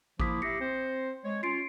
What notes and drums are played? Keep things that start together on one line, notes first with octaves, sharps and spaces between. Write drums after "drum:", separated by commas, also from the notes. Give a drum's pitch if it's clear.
F3 A#3 E4 D6 D#6 B6, drum: kick G#1
E4 G4 A#6 C7 C#7
C4 C5
G#3 C#5
C#4 F4 C7 D7